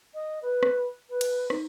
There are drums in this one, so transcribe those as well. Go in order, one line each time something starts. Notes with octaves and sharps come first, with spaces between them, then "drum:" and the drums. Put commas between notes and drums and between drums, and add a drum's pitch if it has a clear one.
D#5
B4
drum: rim click
B4
drum: cymbal
D#4, drum: rim click